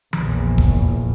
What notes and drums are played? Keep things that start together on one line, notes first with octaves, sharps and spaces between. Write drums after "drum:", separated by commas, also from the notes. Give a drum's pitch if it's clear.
A#1 E2, drum: tom E3
drum: kick E1